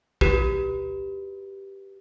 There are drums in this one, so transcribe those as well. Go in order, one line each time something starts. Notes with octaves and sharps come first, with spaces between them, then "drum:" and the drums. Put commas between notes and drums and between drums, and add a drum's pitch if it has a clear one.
F#4 G4 B4, drum: kick A#1